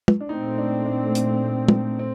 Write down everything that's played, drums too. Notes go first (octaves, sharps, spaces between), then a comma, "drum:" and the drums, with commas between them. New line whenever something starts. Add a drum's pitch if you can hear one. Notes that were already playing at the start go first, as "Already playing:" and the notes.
drum: tom
D4
A#2 A3 C4 D#4
D4
D4
drum: hi-hat
drum: tom
C4